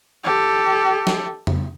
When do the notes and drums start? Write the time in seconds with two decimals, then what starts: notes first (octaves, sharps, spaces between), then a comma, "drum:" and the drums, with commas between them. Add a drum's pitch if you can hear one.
0.24 G4 A4
1.07 drum: snare
1.47 drum: tom